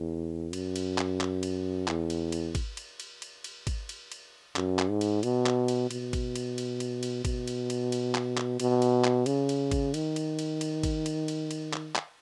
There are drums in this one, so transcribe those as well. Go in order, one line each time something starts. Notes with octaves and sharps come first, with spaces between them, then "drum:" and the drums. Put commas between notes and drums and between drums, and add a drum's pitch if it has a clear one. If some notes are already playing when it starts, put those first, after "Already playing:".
Already playing: E2
F#2, drum: cymbal
drum: cymbal
drum: clap
drum: clap
drum: cymbal
E2, drum: clap
drum: cymbal
drum: cymbal
drum: kick, cymbal
drum: cymbal
drum: cymbal
drum: cymbal
drum: cymbal
drum: kick, cymbal
drum: cymbal
drum: cymbal
F#2, drum: clap
drum: clap
G#2
drum: cymbal
B2, drum: cymbal
drum: clap
drum: cymbal
B2, drum: cymbal
drum: kick, cymbal
drum: cymbal
drum: cymbal
drum: cymbal
drum: cymbal
B2, drum: kick, cymbal
drum: cymbal
drum: cymbal
drum: cymbal
drum: clap
drum: clap
B2, drum: cymbal
drum: cymbal
drum: clap
C#3, drum: cymbal
drum: cymbal
drum: kick, cymbal
D#3, drum: cymbal
drum: cymbal
drum: cymbal
drum: cymbal
drum: kick, cymbal
drum: cymbal
drum: cymbal
drum: cymbal
drum: clap
drum: clap